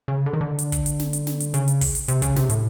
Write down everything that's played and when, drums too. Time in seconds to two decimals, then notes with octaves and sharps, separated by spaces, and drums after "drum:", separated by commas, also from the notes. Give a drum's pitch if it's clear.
0.08 C#3
0.26 D3
0.33 D#3
0.41 D3
0.59 drum: hi-hat
0.72 drum: kick, hi-hat
0.86 drum: hi-hat
0.99 drum: snare
1.13 drum: hi-hat
1.27 drum: snare
1.40 drum: hi-hat
1.54 C#3, drum: hi-hat
1.68 drum: hi-hat
1.81 drum: kick, open hi-hat
1.95 drum: hi-hat
2.08 C3, drum: hi-hat
2.22 C#3, drum: kick, hi-hat
2.36 C3, drum: snare
2.49 A2, drum: hi-hat